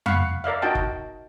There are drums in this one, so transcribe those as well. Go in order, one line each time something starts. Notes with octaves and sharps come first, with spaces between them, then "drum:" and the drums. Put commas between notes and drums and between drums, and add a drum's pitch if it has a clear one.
F5 F#5 B5 C#6, drum: tom F2
A#4 D5 E5 F5
D#4 F#4 D#5 G5 A5
drum: kick